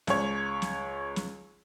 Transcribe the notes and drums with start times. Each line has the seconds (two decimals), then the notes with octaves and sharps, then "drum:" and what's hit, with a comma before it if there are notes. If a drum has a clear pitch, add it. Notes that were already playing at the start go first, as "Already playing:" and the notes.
0.07 C#2 C#5, drum: snare
0.62 drum: snare
1.16 drum: snare